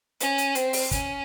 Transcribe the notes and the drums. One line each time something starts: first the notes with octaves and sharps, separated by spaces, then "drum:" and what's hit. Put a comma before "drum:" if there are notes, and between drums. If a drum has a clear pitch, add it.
C#4, drum: hi-hat
drum: hi-hat
C4, drum: hi-hat
drum: open hi-hat
C#4, drum: kick, hi-hat